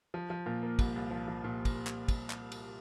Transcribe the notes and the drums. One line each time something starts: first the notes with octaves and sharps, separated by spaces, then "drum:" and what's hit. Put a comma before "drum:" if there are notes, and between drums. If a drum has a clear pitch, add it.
F3
F3
A#2
A#3
C2, drum: kick, cymbal
C2
F3
F3
A#2
drum: kick, cymbal
drum: clap
drum: kick, cymbal
drum: clap
drum: cymbal